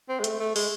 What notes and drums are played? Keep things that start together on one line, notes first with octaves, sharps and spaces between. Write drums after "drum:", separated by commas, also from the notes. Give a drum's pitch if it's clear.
C4
G#3
A3, drum: hi-hat
A3
G#3, drum: open hi-hat